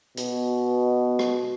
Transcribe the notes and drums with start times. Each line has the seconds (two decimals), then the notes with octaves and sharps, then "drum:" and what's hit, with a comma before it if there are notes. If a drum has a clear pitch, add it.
0.17 B2, drum: hi-hat
1.19 drum: rim click